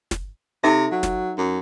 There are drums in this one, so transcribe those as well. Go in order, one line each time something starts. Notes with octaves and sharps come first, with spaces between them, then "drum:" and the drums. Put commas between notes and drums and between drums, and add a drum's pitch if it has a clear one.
drum: snare
C3 D#4 A4 E5
F#3
drum: snare
F#2